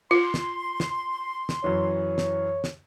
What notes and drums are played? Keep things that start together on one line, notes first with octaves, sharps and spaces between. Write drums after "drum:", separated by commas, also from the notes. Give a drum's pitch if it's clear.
F4 C6
drum: snare
drum: snare
drum: snare
F#2 E3 C#5
drum: snare
drum: snare